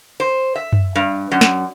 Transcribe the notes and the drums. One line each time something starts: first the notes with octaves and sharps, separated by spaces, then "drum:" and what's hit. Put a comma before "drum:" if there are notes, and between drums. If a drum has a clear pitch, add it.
C5
E5
drum: tom F#2
G2
F#2
drum: snare